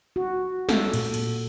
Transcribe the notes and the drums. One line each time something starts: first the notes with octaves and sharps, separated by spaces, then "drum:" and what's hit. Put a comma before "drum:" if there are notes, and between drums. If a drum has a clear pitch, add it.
F#4
A4, drum: snare
A#2, drum: cymbal
drum: cymbal